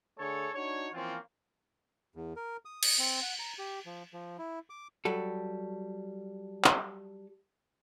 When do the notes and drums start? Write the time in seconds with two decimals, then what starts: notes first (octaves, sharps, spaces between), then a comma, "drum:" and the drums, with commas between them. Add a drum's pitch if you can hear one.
0.19 D3 A3 G#4 A4 C#5
0.54 D4 D#4 F#4 C#5
0.94 E3 F3 A#3 C4 C#4 F4
2.15 E2
2.36 A#4
2.65 D#6
2.83 drum: cymbal
2.99 C4
3.22 F#5
3.39 A#5
3.59 G4
3.86 F3
4.13 F3
4.39 E4
4.70 D6
5.05 F#3 G3 A4
6.64 drum: clap